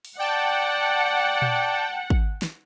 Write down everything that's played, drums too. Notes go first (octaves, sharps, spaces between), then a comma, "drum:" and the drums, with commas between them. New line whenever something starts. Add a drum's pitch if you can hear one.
drum: open hi-hat
D5 F#5 G5 A5
drum: tom A#2
drum: kick
drum: snare